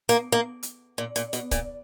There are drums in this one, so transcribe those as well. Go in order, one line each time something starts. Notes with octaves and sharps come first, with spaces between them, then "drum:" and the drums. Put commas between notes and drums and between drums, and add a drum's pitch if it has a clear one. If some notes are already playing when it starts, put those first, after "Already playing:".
A#3, drum: hi-hat
A#3
drum: hi-hat
A#2
A#2, drum: hi-hat
B2, drum: hi-hat
A#2, drum: kick, hi-hat